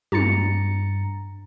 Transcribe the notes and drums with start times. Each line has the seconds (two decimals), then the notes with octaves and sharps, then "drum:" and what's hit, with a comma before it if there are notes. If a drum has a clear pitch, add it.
0.12 G2 A#5 A6 C#7, drum: tom